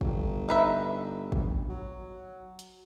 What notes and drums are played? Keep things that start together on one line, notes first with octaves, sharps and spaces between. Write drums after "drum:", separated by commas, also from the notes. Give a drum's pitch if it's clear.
G1, drum: kick
D#4 B4 E5
drum: kick
F#3
drum: hi-hat